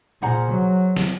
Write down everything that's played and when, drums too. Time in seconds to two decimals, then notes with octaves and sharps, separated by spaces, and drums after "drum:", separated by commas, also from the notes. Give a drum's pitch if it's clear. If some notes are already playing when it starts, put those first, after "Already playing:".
0.22 A#2 G#4 C5 F#5 A#5
0.50 F#3
0.96 drum: snare